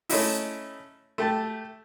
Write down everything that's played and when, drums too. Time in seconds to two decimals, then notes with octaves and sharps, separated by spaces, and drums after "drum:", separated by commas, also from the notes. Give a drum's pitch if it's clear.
0.09 A3 C#4 D#4 E4, drum: open hi-hat
1.18 A3 G4 A5